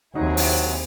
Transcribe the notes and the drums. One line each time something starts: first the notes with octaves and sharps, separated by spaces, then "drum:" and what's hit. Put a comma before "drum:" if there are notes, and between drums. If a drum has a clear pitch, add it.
D#2 F#3 C4 D#4 E4 G#4
drum: open hi-hat